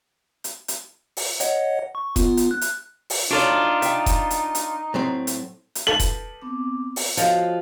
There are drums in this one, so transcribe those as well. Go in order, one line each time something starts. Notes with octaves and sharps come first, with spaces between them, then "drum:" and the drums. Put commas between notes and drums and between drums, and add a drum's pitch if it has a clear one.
drum: hi-hat
drum: hi-hat
drum: open hi-hat
C#5 D#5 F#5, drum: hi-hat
C#6
B3 F4, drum: kick E1, hi-hat
drum: hi-hat
F#6
drum: hi-hat
drum: open hi-hat
D4 D#4 F4 F#4 A4 C#5
E5 F5 G5, drum: hi-hat
drum: kick E1, hi-hat
drum: hi-hat
drum: hi-hat
A2 F#3 C4
drum: hi-hat
drum: hi-hat
A4 B4 F#7
drum: kick E1, hi-hat
B3 C4 D6
drum: open hi-hat
F3 F#4 A4 C#5 D#5 F5, drum: hi-hat